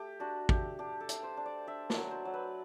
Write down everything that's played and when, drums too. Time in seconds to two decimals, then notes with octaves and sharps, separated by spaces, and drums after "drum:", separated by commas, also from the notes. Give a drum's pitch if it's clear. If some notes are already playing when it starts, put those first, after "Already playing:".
Already playing: A3 G4
0.20 D4 F#4
0.49 A3 G4, drum: kick
0.79 D4 G4
1.00 A4
1.09 A3, drum: hi-hat
1.23 C5
1.37 D4
1.46 D5
1.67 D4 E5
1.90 D5, drum: snare
1.96 F#3
2.11 C5
2.25 F#3
2.34 B4